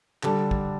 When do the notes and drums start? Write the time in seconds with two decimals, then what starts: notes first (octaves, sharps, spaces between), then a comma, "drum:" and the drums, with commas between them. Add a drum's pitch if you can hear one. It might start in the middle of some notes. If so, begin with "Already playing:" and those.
0.23 D3 G3 D4 A4, drum: clap
0.51 drum: kick